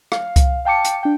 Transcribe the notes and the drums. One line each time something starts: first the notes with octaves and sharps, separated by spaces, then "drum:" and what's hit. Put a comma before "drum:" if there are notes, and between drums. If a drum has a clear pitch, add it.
F5, drum: rim click
drum: kick C2, hi-hat
F5 G5 A5 D6 C#7
drum: hi-hat
D4 G5